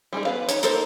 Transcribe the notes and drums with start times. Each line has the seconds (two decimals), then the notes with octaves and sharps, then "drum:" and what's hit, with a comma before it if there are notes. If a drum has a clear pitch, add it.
0.13 G3 G#3 D#4 G#4
0.25 B3 B4 D5 F5
0.48 D#4 C#5, drum: hi-hat
0.63 A#3 D#4 A4 A#4 C5, drum: hi-hat